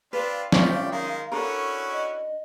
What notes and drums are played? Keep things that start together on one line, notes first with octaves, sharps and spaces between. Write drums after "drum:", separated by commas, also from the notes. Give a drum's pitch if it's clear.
C4 D4 F4 B4 F5
C#4 F4 D5 E5 G5, drum: snare
D#3 G#3 A#4
C#4 D4 E4 F#4 A4 A#4
D#5